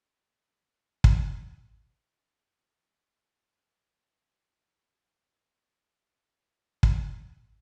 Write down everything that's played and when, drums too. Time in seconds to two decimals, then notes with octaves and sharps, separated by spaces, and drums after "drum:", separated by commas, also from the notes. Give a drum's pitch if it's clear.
0.14 A#5 B5 C#6 C7 F#7 G7
1.04 drum: kick
1.31 D#6
3.16 A#4 G5
3.62 F3 D#4 B4 C5 D#5
3.81 G4 F5
4.30 C#7
4.55 F3 F#3 F5 G5 D6 B6
4.96 G2 E3
5.83 G#3 G5
6.83 drum: kick
7.25 G3 G#3 D4 F4 F#4 G#5